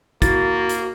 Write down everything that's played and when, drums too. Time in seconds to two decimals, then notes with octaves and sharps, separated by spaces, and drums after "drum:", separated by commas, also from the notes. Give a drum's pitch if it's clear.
0.22 A#3 E4 F#4 A6, drum: kick, hi-hat
0.69 drum: hi-hat